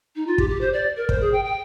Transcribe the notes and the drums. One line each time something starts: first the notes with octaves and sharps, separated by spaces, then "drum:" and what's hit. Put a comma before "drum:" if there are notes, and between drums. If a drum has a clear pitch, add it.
D#4
F4
G4, drum: kick
G4
C5
D5
A#4
C5, drum: kick
G#4
G5
G5